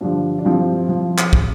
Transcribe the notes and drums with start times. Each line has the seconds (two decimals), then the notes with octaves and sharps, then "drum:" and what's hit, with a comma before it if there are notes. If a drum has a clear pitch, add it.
0.01 G2 D3 F3 D4
0.38 D4
0.45 G2 F3 C4 E4
0.89 F3
1.18 drum: clap
1.33 drum: kick